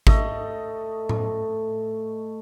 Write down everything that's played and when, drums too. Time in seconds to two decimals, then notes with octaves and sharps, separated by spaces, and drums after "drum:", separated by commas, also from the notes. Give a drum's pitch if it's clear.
0.07 A3 D#5, drum: kick G#1
1.09 drum: tom A2